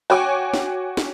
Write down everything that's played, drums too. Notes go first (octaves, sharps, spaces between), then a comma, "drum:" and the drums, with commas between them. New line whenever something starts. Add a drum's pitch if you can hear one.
F#4 C#5 G5 G#5 D6
drum: snare
drum: snare